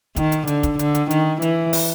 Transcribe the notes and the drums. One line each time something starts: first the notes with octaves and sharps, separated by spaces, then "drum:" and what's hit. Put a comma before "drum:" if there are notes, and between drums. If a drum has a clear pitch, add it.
D#3, drum: kick, hi-hat
drum: hi-hat
D3, drum: hi-hat
drum: kick, hi-hat
D3, drum: hi-hat
drum: hi-hat
D#3, drum: hi-hat
E3, drum: hi-hat
drum: open hi-hat